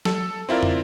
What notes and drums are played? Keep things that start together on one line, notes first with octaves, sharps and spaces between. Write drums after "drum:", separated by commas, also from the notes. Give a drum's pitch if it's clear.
A4, drum: snare
C4 E4 F4 A#4 D5
drum: tom